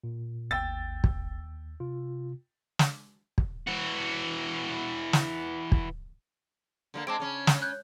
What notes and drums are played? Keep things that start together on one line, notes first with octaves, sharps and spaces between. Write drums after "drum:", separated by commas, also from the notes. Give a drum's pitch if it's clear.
A#2
G#1 D#2 G5 E6 A6
drum: kick
C3 F4
drum: snare
drum: kick
E3 F#4
drum: snare
drum: kick
D3 F#3 A#3
G#3 C4 A5 D6 D7
C#3 C#4
drum: snare
C#5 F#6 G6